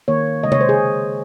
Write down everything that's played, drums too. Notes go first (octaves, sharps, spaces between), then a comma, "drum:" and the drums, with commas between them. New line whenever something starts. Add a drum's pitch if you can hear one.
D#3 A#3 C#5
C#3 G#3 D#5
C#5, drum: tom C3
C5
G#4